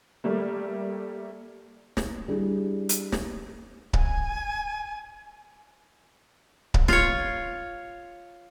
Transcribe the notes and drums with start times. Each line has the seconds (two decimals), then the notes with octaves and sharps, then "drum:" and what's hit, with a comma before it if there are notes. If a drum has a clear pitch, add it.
0.24 G3 A3 A#3
1.97 drum: snare
2.28 G3 D4 E4 G#4
2.89 drum: hi-hat
3.12 drum: snare
3.93 G#5, drum: kick C#1
6.74 drum: kick C#1
6.88 F4 C#5, drum: snare